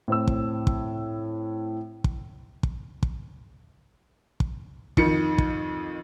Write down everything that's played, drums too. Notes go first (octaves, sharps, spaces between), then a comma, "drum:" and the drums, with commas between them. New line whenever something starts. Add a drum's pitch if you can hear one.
A2 C4 E6
drum: kick
drum: kick
drum: kick
drum: kick
drum: kick
drum: kick
F2 D#3 C#7, drum: kick
drum: kick